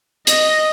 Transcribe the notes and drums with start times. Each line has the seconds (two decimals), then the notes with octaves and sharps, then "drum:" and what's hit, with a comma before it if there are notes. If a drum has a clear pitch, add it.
0.27 D#5, drum: hi-hat